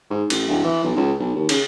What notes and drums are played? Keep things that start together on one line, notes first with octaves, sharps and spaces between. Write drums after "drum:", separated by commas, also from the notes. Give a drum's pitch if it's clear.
G#2
A1, drum: cymbal
D1
E3
B1
C#2
B1
D#2
C#3, drum: cymbal